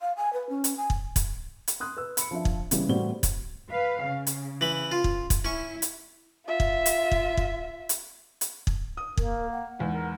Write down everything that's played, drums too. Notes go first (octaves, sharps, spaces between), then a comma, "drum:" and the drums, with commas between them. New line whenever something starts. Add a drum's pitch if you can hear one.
F5
G#5
B4
C#4
drum: hi-hat
G#5
drum: kick
drum: kick, hi-hat
drum: hi-hat
C6 D#6 F#6
B4 E6
B5 C#7, drum: hi-hat
F3 D4 E5
drum: kick
C#3 E3 G3, drum: hi-hat
A2 E3 G3 C4 F#4 G7
drum: kick, hi-hat
B4 F5
C#3
drum: hi-hat
E3 B5
F4
drum: kick
drum: kick, hi-hat
C#4 E4 C#6
drum: hi-hat
F4 E5
drum: kick
drum: hi-hat
drum: kick
drum: kick
drum: hi-hat
drum: hi-hat
drum: kick
D#6
A#3 A#4, drum: kick
F#5
E2 G#2
A#4